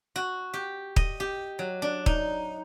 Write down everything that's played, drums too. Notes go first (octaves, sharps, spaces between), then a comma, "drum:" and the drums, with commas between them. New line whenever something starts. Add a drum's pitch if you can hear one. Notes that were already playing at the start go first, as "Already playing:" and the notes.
F#4
G4
D#5, drum: kick D#1
G4
F#3
D4
D#4, drum: kick D#1